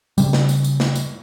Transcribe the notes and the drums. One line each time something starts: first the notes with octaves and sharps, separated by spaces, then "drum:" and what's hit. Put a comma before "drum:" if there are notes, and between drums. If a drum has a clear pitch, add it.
C#3 G3, drum: tambourine
drum: snare
drum: tambourine
drum: tambourine
drum: snare
drum: tambourine